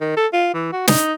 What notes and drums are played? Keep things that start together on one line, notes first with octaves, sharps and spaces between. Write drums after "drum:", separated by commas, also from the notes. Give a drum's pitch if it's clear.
D#3
A4
F4
E3
F#4
D#4, drum: snare